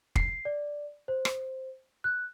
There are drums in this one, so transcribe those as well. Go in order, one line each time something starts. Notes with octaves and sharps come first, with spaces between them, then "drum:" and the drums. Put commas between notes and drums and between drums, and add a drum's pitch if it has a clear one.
C7, drum: kick
D5
C5
drum: rim click
F#6